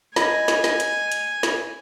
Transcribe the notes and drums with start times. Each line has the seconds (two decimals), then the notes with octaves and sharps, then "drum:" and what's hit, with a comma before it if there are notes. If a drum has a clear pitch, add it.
0.16 D#5 G#5 B5, drum: snare
0.48 drum: snare
0.64 drum: snare
0.80 drum: hi-hat
1.12 drum: hi-hat
1.43 drum: snare